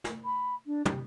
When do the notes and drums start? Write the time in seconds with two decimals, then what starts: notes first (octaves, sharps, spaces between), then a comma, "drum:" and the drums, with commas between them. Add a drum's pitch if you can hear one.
0.04 drum: snare
0.24 B5
0.66 D4
0.85 G4, drum: tom